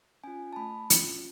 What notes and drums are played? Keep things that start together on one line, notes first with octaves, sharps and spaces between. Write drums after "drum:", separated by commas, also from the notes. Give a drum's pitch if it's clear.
C#4 F4 G#5
A5
A3 B5
C#4 F4, drum: hi-hat